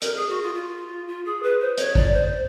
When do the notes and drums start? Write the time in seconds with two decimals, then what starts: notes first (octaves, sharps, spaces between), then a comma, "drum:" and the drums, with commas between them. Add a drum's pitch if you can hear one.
0.02 A#4, drum: hi-hat
0.15 G#4
0.29 F#4
0.42 F4
0.54 F4
1.08 F4
1.25 G#4
1.43 B4
1.60 C5
1.78 C#5, drum: hi-hat
1.95 D5, drum: kick A1
2.13 C5